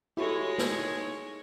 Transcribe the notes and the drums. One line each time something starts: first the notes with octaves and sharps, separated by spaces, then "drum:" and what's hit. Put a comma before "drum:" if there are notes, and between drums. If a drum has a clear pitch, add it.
G#3 E4 F#4 G4 A4 C#5
drum: snare
D#4 G#6